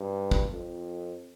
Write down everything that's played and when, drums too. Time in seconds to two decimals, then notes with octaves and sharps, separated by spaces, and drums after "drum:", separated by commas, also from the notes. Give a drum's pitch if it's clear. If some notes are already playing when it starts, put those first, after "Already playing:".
Already playing: G2
0.31 drum: kick
0.52 F2